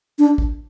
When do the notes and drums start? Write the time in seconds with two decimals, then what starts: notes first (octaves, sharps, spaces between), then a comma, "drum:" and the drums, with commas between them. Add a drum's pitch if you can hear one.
0.19 D4
0.38 drum: kick